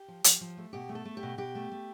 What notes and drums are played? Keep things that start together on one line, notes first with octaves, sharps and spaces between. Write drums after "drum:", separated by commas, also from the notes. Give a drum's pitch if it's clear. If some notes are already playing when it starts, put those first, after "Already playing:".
Already playing: G4
F3
F3, drum: hi-hat
F3
A3
B2 G4
A3
A4
A3
G4
B2
B2 G4
A3
A3